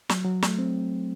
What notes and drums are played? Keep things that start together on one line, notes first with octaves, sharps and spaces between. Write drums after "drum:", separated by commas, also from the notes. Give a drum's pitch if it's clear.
F#3, drum: snare
F#3
A3, drum: snare
C4